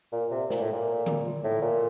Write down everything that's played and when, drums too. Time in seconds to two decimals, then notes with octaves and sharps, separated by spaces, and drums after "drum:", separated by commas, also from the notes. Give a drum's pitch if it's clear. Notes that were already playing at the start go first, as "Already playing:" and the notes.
0.12 A#2
0.31 C3
0.50 A#2, drum: snare
0.60 A2
0.72 A#2
1.06 drum: tom D3
1.44 A2
1.61 A#2